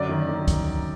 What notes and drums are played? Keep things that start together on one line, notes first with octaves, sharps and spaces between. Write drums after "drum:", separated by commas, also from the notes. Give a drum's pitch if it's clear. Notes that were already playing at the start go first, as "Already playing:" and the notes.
Already playing: F#2 D3 D5
D#3
D#3
drum: kick, hi-hat